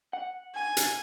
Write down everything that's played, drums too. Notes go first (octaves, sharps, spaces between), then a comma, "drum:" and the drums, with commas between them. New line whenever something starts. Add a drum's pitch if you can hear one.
F#5
G#5
drum: hi-hat